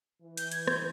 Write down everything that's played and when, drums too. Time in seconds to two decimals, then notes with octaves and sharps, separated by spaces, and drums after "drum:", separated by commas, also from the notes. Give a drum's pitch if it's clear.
0.22 E3
0.37 G6, drum: hi-hat
0.52 G#6, drum: hi-hat
0.68 G6, drum: rim click